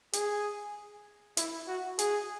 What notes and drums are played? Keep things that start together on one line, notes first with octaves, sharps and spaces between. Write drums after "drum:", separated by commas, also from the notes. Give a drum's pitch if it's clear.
G#4, drum: hi-hat
E4, drum: hi-hat
F#4
G#4, drum: hi-hat